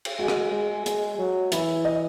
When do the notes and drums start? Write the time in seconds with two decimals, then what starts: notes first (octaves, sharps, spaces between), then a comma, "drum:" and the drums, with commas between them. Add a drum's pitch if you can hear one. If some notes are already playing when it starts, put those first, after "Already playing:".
0.05 drum: cymbal
0.19 G#3 F#4
0.28 drum: rim click
0.52 G#3
0.86 G#3, drum: hi-hat
1.19 F#3
1.52 E3 E4, drum: hi-hat
1.85 D#5